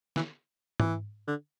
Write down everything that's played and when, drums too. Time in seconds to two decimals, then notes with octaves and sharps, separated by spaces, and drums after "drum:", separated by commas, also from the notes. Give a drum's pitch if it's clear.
0.16 E3, drum: snare
0.80 E3, drum: tom G#2
1.27 D3